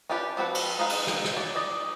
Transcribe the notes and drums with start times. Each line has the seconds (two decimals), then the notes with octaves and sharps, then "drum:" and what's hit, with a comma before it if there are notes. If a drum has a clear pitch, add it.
0.10 C#4 D4 F4 G4 B4
0.37 F3 C4 F#4 B4 F#5
0.55 drum: cymbal
0.79 G#3 D#4 B4 C5 F5
0.90 drum: cymbal
1.07 drum: rim click
1.24 drum: rim click
1.37 C#5 D5
1.56 D5 D#5